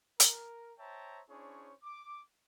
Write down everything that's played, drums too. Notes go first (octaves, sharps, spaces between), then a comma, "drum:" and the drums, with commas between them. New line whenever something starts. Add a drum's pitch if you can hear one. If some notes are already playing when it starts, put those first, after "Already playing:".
A#4, drum: hi-hat
C5 C#5 E5 G5 A5 A#5
C#4 D4 E4 G#4 C5 C#5
D6